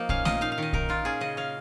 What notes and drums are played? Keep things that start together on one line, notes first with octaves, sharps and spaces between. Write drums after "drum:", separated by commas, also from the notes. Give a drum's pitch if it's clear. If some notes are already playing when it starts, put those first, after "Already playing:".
Already playing: F3 A#3 D#4
C#4 F5, drum: kick A#1
A#2 D#5, drum: snare A3
D#4 F5
F5
D#3 D#5
D#4 A#4, drum: kick A#1
A#2 F4
C#4 G#4
C#3 D#5
C#4 F5